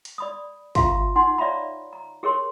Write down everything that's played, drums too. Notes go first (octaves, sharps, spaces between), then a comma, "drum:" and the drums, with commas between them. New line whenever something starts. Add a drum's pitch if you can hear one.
drum: hi-hat
D5 B5 D#6
F4 G4 E5 F5 A#5 C6, drum: kick, hi-hat
D#4 F#5 G#5 C6
C#5 D5 E5 F5 A#5 B5
A#5
G4 G#4 A#4 C#5 C6